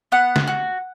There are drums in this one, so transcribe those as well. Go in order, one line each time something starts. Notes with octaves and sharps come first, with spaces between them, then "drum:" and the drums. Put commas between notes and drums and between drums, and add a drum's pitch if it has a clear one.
B3 F#5
drum: snare
F#4